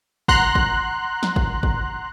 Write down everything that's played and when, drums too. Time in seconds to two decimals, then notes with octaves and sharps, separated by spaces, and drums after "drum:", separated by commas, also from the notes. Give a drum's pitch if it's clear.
0.28 F#5 A#5 C6 F#6, drum: kick
0.55 drum: kick
1.23 drum: snare
1.36 drum: kick
1.63 drum: kick